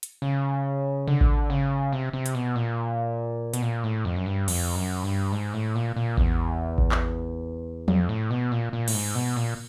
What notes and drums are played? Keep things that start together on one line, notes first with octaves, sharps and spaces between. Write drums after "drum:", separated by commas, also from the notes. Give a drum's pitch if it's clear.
drum: hi-hat
C#3
D3, drum: tom C3
drum: kick A1
C#3
C3
C3
drum: hi-hat
B2
A#2
B2, drum: hi-hat
A#2
A2
F2
F#2
G2
F2, drum: cymbal
F#2
G2
G#2
A2
A#2
A#2
E2, drum: kick A1
drum: kick A1
drum: clap
F2, drum: tom F3
A2
B2
A#2
A#2
A2, drum: cymbal
G#2
B2
A#2